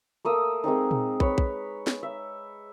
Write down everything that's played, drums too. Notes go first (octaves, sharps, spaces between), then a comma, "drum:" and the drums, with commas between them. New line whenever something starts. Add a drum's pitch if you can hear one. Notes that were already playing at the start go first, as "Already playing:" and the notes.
A3 A#3 D#6 E6
G#3 A#3 C4 D#4
drum: tom A#2
B4 C#5 B5, drum: kick
drum: kick
drum: snare
E5